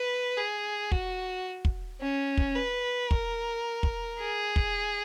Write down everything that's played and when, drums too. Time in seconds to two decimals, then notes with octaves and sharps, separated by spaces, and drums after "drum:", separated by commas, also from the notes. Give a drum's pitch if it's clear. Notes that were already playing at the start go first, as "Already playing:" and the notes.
Already playing: B4
0.37 G#4
0.92 F#4, drum: kick
1.65 drum: kick
2.01 C#4
2.37 drum: kick
2.55 B4
3.11 A#4, drum: kick
3.83 drum: kick
4.19 G#4
4.56 drum: kick